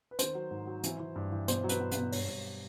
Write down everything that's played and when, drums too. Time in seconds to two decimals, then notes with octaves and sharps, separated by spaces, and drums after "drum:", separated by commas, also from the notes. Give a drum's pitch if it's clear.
0.11 B4
0.19 D#3 C5, drum: hi-hat
0.35 F#3
0.51 G#2
0.67 F#3
0.83 E3, drum: hi-hat
1.00 E3
1.16 G2
1.32 E3
1.48 B2 C5, drum: hi-hat
1.64 F#3
1.69 B4, drum: hi-hat
1.80 F#3
1.91 B4, drum: hi-hat
1.97 B2
2.12 G2 C#5, drum: open hi-hat
2.29 G2